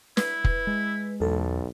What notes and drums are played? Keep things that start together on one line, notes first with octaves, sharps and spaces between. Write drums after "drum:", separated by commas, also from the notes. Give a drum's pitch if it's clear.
E4 B4, drum: snare
drum: kick
G#3
B1 E2 A4